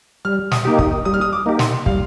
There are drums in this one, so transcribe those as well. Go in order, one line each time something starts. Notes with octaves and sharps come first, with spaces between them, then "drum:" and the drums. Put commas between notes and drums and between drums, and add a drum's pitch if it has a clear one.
G3 F6
D#6, drum: snare
A#3 D#4 G4
D#6, drum: kick
G3 D#6
F6
D#6
D6
A#3 D#4 G4
C6, drum: snare
G3 F5, drum: kick